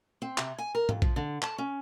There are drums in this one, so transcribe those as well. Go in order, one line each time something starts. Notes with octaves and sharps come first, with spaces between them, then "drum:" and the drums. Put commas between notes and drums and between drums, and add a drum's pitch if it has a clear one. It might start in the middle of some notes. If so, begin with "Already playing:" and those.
C4
C3, drum: clap
G#5
A#4
F2, drum: tom G#2
F3, drum: kick A#1
D3
A5, drum: clap
C#4